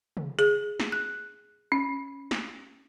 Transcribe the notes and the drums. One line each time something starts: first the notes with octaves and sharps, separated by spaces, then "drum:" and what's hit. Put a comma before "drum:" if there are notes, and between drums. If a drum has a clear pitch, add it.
drum: tom
G#4, drum: hi-hat
drum: snare
F#6
C#4
drum: snare